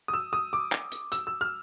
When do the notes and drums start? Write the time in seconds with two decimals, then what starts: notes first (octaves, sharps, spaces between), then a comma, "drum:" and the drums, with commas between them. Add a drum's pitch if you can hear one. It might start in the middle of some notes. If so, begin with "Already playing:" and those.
0.08 D#6
0.13 E6
0.33 D#6
0.53 D6
0.72 drum: clap
0.92 drum: hi-hat
1.12 E6, drum: hi-hat
1.27 E6
1.41 F6